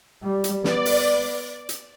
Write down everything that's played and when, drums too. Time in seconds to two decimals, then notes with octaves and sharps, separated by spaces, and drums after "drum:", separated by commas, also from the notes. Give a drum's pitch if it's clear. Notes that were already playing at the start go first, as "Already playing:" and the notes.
0.23 G3
0.44 drum: hi-hat
0.64 B3 D5, drum: snare
0.85 drum: open hi-hat
1.69 drum: hi-hat